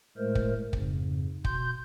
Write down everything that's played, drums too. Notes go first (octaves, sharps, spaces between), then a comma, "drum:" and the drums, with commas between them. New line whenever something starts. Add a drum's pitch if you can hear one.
A2 G#3 A3 A#4 C5
drum: kick
F2 G#2 C#3, drum: kick
B2 C6 G6, drum: kick